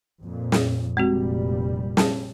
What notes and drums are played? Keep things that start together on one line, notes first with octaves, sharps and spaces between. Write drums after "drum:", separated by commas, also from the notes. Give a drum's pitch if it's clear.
F2 A#2
drum: snare
F1 A#2 G3 G#3 C4 F#4
A5, drum: snare